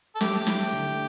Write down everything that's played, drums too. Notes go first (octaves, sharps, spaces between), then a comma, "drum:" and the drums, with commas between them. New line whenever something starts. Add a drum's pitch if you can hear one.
A4
A3 G4, drum: snare
E4, drum: snare
D3